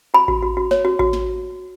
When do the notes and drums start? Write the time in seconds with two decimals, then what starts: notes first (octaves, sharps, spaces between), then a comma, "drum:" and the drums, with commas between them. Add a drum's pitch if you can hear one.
0.14 F#4 B5
0.28 F#4, drum: kick A1
0.43 F#4
0.57 F#4
0.71 C#5, drum: snare
0.85 F#4
0.99 F#4, drum: kick A1
1.13 drum: snare